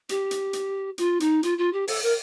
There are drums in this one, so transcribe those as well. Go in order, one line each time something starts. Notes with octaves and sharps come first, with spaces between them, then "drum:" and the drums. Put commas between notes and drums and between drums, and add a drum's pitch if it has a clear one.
G4, drum: hi-hat
drum: hi-hat
drum: hi-hat
F4, drum: hi-hat
D#4, drum: hi-hat
F4, drum: hi-hat
F4
G4
A4, drum: open hi-hat
A#4